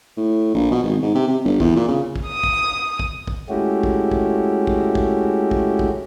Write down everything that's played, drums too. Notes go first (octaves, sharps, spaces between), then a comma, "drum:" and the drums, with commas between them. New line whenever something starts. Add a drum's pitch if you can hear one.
A2
A#1
B2
G#1
G#2
C3
C3
G1
E2, drum: kick
A#2
C#3
drum: kick
D#6
drum: kick
drum: kick
drum: kick
G#3 A3 C#4 E4 F#4 G4
drum: kick
drum: kick
drum: kick
drum: kick
drum: kick
drum: kick